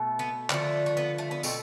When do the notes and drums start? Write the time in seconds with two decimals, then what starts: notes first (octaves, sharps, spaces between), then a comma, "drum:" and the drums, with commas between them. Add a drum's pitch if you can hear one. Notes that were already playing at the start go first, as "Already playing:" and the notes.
Already playing: B2 A3
0.19 B3
0.50 D3 F3 A3 B3, drum: clap
0.86 A3
0.97 B3
1.18 A3
1.31 B3
1.43 B2 A3 C4, drum: tambourine